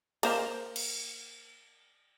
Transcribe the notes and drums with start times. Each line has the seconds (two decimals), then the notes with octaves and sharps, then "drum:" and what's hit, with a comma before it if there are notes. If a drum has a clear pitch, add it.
0.23 A#3 C5 F5, drum: cymbal
0.76 drum: cymbal